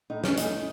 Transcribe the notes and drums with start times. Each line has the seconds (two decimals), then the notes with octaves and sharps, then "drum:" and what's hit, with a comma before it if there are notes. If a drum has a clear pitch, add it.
0.10 A2 D#4
0.24 C#4, drum: snare
0.37 E3 A3 C#4 D#4, drum: hi-hat